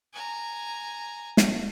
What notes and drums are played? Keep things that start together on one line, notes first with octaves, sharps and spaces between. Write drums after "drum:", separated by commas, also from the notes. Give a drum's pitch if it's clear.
G#5 A#5
drum: snare